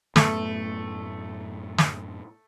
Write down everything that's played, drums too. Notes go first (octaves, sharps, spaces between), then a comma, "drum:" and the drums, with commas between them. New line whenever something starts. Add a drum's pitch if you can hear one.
F#2 A2 A3 B3, drum: snare
drum: snare